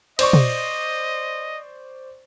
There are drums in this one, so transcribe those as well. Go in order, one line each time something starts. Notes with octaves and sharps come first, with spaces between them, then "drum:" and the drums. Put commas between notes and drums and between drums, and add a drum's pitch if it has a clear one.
C5 D5 D#5 C#6, drum: cymbal
drum: tom